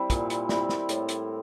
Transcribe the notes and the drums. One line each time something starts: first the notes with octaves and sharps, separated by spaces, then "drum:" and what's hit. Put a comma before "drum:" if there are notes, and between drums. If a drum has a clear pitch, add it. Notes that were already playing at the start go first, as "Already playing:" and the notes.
Already playing: G3 C4 E4
A#2, drum: kick, hi-hat
drum: hi-hat
G3 C4 E4, drum: snare
drum: snare
A2, drum: hi-hat
drum: hi-hat